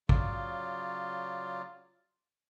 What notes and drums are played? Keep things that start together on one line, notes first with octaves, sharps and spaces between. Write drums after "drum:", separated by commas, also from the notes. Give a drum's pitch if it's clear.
C#3 F#3 F4 D5, drum: kick